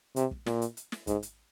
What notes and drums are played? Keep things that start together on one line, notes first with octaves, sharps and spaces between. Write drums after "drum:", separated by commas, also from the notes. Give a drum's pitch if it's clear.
C3, drum: hi-hat
drum: kick
A#2, drum: snare
drum: hi-hat
drum: hi-hat
drum: snare
G#2, drum: kick, hi-hat
drum: hi-hat